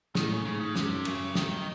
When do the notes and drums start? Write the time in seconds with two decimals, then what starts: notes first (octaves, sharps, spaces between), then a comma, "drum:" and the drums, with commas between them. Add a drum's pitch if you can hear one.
0.15 A2 D#3, drum: snare
0.31 C#3
0.45 G#2 C#3
0.61 C#3
0.76 F#2 C3, drum: snare
1.05 F#2 C#3, drum: cymbal
1.35 D#3, drum: snare